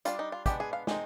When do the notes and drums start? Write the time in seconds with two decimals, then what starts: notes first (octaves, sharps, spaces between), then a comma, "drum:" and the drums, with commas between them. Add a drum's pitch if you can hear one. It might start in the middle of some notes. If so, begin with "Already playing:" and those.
0.05 G3 D4 F4, drum: hi-hat
0.19 D#4
0.32 F4
0.46 G#3 B3 D4 G4, drum: kick, hi-hat
0.60 G#4
0.73 F5
0.87 G#3 C4 D#4, drum: snare